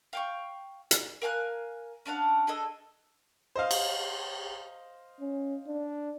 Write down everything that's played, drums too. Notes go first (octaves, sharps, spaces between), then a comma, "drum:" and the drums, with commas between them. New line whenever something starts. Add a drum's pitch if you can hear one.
F5 G5 C#6
drum: hi-hat
A#4 F5 G#5 F#6
C#4 D4 F5 F#5
D4 G#4 A4 D#5
C5 D#5 F5
drum: cymbal
C#4
D4